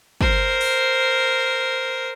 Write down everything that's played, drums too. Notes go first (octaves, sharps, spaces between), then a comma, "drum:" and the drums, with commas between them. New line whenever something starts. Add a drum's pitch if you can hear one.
A#4 C5, drum: kick
drum: open hi-hat